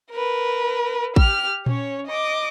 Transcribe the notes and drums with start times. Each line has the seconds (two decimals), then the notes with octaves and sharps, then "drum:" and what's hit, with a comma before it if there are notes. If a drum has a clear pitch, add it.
0.11 A#4 B4
1.16 G4 F6, drum: kick A1
1.66 C#4 C#5, drum: tom A#2
2.07 D#5 D6